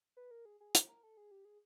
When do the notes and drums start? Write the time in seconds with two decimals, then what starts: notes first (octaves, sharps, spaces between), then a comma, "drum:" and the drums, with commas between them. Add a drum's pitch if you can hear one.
0.17 B4
0.31 A#4
0.45 G#4
0.60 G#4
0.75 A#4, drum: hi-hat
0.89 A#4
1.03 A4
1.17 G#4
1.31 G4
1.45 G#4